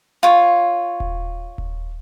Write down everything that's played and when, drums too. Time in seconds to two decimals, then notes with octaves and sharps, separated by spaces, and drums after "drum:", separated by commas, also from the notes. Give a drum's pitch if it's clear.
0.23 F4 C#5
1.00 drum: kick D#1
1.58 drum: kick D#1